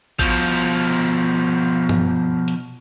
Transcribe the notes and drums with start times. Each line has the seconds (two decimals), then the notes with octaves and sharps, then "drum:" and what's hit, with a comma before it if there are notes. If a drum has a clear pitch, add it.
0.19 B2 F3, drum: kick A1
1.89 drum: tom G2
2.48 drum: hi-hat